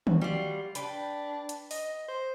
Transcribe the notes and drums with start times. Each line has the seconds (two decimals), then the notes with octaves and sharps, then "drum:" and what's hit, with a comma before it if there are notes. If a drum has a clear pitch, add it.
0.07 F#4, drum: tom D#3
0.21 G3 F4
0.75 D4 B4 G5, drum: hi-hat
1.49 drum: hi-hat
1.71 D#5, drum: open hi-hat
2.08 C5